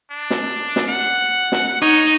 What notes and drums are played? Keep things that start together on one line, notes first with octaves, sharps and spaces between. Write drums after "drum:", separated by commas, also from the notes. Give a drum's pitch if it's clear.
D4
drum: snare
drum: snare
F#5
drum: snare
D#4 C#5